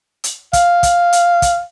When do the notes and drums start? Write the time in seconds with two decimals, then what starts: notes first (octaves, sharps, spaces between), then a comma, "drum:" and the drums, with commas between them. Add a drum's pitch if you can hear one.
0.24 drum: hi-hat
0.53 F5, drum: kick, hi-hat
0.83 drum: kick, hi-hat
1.13 drum: hi-hat
1.42 drum: kick, hi-hat